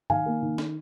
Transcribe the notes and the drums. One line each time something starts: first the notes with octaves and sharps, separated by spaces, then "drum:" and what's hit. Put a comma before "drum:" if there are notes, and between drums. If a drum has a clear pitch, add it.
D#3 F5 G#5, drum: tom G#2
A#3
D#3
drum: snare